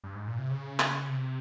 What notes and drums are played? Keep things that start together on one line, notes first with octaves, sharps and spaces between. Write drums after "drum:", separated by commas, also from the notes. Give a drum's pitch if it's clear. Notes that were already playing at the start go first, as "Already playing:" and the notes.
G2
G#2
A#2
C3
C#3
drum: clap
C3